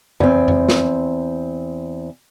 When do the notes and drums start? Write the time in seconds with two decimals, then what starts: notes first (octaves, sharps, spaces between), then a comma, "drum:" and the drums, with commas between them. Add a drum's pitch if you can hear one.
0.20 E2 C4, drum: tom F2
0.48 drum: tom F2
0.69 drum: snare